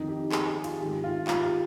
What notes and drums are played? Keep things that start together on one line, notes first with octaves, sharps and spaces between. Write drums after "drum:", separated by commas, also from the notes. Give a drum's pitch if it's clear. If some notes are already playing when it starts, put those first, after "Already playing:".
Already playing: F2 D#3 D#4
G4
G#4, drum: clap
G4
F4, drum: cymbal
G#2 D#3 G4
F4
F4, drum: clap
G4